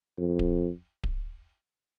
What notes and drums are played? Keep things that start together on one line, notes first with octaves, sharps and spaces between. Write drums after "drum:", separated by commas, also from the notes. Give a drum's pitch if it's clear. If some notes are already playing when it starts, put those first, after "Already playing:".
F2
drum: kick D1
drum: kick D1